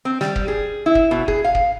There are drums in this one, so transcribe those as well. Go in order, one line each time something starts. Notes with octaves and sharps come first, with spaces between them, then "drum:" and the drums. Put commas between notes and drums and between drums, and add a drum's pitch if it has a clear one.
C4
G3, drum: snare
drum: kick
G#4
E4
drum: kick
B2
G#4, drum: kick
F5
drum: kick